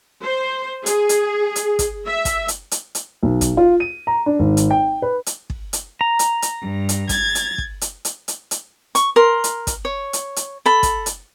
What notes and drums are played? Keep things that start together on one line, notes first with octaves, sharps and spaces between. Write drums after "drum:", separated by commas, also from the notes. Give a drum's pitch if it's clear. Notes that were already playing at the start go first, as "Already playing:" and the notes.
C5
G#4, drum: hi-hat
drum: hi-hat
drum: hi-hat
drum: kick, hi-hat
E5
drum: kick, hi-hat
drum: hi-hat
drum: hi-hat
drum: hi-hat
B1
drum: kick, hi-hat
F4
D#7
A#5
D4
G#1
drum: hi-hat
G5
B4
drum: hi-hat
drum: kick
drum: hi-hat
A#5
drum: hi-hat
drum: hi-hat
G2
drum: hi-hat
G#6 A6, drum: kick, hi-hat
drum: hi-hat
drum: kick
drum: hi-hat
drum: hi-hat
drum: hi-hat
drum: hi-hat
C#6, drum: hi-hat
A#4 C6
drum: hi-hat
drum: kick, hi-hat
C#5
drum: hi-hat
drum: hi-hat
A4 B5
drum: kick, hi-hat
drum: hi-hat